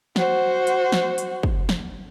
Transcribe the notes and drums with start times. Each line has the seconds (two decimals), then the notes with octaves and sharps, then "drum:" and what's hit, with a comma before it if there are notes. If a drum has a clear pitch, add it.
0.16 F#4 C5, drum: snare
0.67 drum: hi-hat
0.92 drum: snare
1.18 drum: hi-hat
1.43 drum: kick
1.69 drum: snare